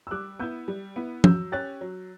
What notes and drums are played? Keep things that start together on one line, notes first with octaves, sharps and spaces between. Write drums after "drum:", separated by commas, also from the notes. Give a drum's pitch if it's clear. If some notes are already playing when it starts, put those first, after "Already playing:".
E6
G3 D6 F#6
B3 E4 E6 G6
G3
B3 E4
F#3 E6 G6, drum: tom
C#4 G4 F#6 A6
F#3